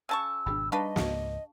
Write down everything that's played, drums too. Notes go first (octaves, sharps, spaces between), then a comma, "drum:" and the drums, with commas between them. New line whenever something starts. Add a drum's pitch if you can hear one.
C#3 A5 C#6 E6
G#1 B2 D4 G#4 B5
G3 D4 D#4 B4 D#5 F5 A5 C#6
C#2 G#2, drum: snare